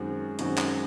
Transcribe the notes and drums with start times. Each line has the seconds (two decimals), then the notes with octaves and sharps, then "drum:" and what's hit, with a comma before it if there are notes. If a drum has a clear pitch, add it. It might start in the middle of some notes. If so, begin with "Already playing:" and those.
Already playing: F#2 D#3 G#3 C4 F#4
0.39 F#2 D#3 G#3 C4 F#4, drum: hi-hat
0.58 drum: clap